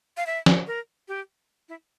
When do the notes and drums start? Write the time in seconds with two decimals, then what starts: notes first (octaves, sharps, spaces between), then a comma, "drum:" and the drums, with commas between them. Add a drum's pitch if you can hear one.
0.17 F5
0.27 E5
0.46 drum: snare
0.67 A#4
1.08 G4
1.69 E4